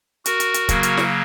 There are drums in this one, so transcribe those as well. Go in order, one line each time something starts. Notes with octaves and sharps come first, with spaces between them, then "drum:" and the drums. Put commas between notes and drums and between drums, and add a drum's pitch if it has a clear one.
F#4 A#4, drum: hi-hat
drum: hi-hat
drum: hi-hat
C#3 F#3 A#3, drum: kick, hi-hat
drum: hi-hat
drum: snare